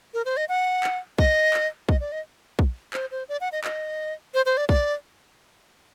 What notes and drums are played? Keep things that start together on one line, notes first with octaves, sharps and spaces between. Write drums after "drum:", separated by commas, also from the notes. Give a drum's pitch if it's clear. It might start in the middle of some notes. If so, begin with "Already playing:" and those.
A#4
C5
D#5
F#5
drum: clap
D#5, drum: kick
drum: clap
D#5, drum: kick
D5
D#5
drum: kick
C5, drum: clap
C5
D5
F#5
D#5
D#5, drum: clap
C5
C5
D5
D5, drum: kick